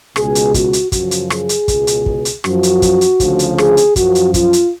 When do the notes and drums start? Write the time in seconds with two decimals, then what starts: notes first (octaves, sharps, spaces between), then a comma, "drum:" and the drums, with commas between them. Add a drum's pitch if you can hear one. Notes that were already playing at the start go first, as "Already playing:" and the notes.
0.16 C#2 B2 G#4, drum: rim click
0.35 drum: hi-hat
0.54 F#4, drum: kick, hi-hat
0.73 drum: hi-hat
0.92 F#2 C#3 F3 F#4, drum: kick, hi-hat
1.11 drum: hi-hat
1.30 G#4, drum: rim click
1.49 drum: hi-hat
1.68 C#2 B2, drum: kick, hi-hat
1.87 drum: hi-hat
2.06 drum: kick
2.25 drum: hi-hat
2.44 F#2 F3 F#4, drum: rim click
2.63 drum: hi-hat
2.82 drum: kick, hi-hat
3.01 drum: hi-hat
3.20 D2 C#3 F3, drum: kick, hi-hat
3.39 drum: hi-hat
3.58 G#4, drum: rim click
3.77 drum: hi-hat
3.96 F#2 F3 F#4, drum: kick, hi-hat
4.15 drum: hi-hat
4.34 F4, drum: kick, hi-hat
4.53 drum: hi-hat